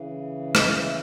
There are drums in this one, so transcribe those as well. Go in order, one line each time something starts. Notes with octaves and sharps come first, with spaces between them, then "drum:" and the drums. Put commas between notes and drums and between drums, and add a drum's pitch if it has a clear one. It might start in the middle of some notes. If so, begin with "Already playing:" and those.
Already playing: C#3 E3
D#5, drum: rim click
E5